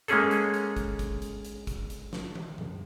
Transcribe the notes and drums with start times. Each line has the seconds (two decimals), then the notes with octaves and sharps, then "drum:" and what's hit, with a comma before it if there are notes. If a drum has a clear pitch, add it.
0.08 G#3 A#3 C#4 G#4 A4, drum: hi-hat
0.31 drum: hi-hat
0.54 drum: hi-hat
0.76 drum: kick, hi-hat
0.99 drum: kick, hi-hat
1.22 drum: hi-hat
1.45 drum: hi-hat
1.67 drum: kick, hi-hat
1.90 drum: hi-hat
2.13 drum: snare
2.35 drum: tom
2.58 drum: tom